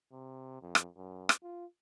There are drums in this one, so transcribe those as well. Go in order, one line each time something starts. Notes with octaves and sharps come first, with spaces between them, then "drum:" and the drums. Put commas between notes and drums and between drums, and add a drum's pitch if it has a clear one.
C3
F2
drum: rim click
F#2
drum: rim click
F4